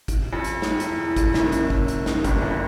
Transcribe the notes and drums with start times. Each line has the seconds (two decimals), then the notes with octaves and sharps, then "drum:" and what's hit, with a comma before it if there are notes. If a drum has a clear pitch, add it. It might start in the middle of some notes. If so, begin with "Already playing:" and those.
0.08 drum: kick, hi-hat
0.33 F2
0.44 drum: hi-hat
0.62 drum: snare
0.80 E2, drum: hi-hat
0.98 E2
1.16 F2, drum: kick, hi-hat
1.34 F#1 F#2, drum: snare
1.52 drum: hi-hat
1.70 drum: kick
1.88 drum: hi-hat
2.06 drum: snare
2.24 G1 G2, drum: kick, hi-hat
2.42 F2